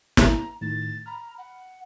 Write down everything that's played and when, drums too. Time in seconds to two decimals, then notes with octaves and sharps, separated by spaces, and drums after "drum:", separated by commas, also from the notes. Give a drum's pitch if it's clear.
0.17 A#5, drum: snare
0.61 A2 D#3 A6
1.06 A#5 B5 F6
1.38 F#5